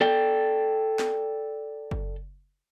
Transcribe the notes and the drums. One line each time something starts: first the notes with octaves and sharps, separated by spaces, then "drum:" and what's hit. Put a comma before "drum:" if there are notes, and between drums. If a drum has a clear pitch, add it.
A4 D5 G5
drum: snare
drum: kick F#1